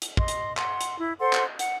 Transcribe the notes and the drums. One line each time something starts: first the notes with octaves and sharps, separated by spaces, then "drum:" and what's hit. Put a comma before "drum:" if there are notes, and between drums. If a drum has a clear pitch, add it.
drum: hi-hat
D#5 C6, drum: kick
drum: hi-hat
F#5 C6, drum: clap
drum: hi-hat
E4
A4 C5 F#5 C6
drum: clap
F#5, drum: hi-hat